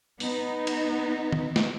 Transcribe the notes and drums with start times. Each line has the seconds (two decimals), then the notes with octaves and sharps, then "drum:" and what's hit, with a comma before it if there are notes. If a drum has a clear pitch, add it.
0.20 B3 D#4, drum: open hi-hat
0.67 drum: cymbal
1.32 drum: tom D#3
1.56 drum: snare